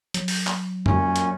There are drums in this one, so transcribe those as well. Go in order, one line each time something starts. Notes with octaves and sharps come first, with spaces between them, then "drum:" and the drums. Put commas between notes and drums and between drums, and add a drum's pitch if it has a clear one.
F#3, drum: hi-hat
drum: open hi-hat
drum: clap
F#2 A#2 C#4, drum: tom
drum: hi-hat